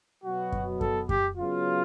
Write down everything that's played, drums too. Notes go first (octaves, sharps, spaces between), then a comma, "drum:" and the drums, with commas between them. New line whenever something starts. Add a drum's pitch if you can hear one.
B2 F#3 B3 F#4
drum: kick F#2
A4, drum: kick F#2
G4, drum: kick F#2
C#3 F#3 B3 F4